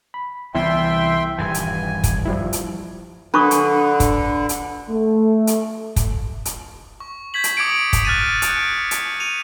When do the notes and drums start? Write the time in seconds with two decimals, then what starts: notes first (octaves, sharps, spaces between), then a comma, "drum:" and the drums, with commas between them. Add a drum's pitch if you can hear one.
0.14 B5
0.55 C2 E3 B3 E4 E5 G5 C6
1.38 D#1 G2 E3 G5 G#5
1.54 drum: hi-hat
2.04 drum: kick, hi-hat
2.25 F3 G3 E4
2.53 drum: hi-hat
3.34 D3 D4 B4 C#6 D#6
3.51 drum: hi-hat
4.00 drum: kick, hi-hat
4.49 drum: hi-hat
4.90 A3
5.47 drum: hi-hat
5.96 drum: kick, hi-hat
6.45 drum: hi-hat
7.00 C#6
7.34 G6 G#6 B6 F#7
7.44 drum: hi-hat
7.57 D6 D#6 G#6 A#6 C#7 D7
7.93 drum: kick, hi-hat
8.05 F6 F#6 A6 D7 D#7
8.42 D6 F#6 G6 C#7 D7, drum: hi-hat
8.91 drum: hi-hat
9.20 C#7 D#7 F7